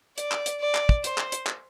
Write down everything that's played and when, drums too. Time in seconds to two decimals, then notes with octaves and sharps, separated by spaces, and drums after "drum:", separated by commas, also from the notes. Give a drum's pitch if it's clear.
0.18 D5, drum: hi-hat
0.32 drum: clap
0.46 drum: hi-hat
0.61 D5
0.75 drum: clap
0.89 drum: kick
1.04 C5, drum: hi-hat
1.18 drum: clap
1.32 drum: hi-hat
1.47 drum: clap